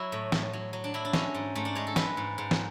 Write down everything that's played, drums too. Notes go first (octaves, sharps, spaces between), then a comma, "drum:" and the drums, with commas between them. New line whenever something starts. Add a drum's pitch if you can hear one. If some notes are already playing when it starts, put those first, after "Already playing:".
Already playing: F#3 E4 F#4
A2
A2, drum: snare
F#3
F#3
D4
F#3 E4
D4
G#3 C#4, drum: snare
G#2
G#2 A3
D4
G#3 C#5
A4
G#3 B4, drum: snare
G#2
G#2
drum: snare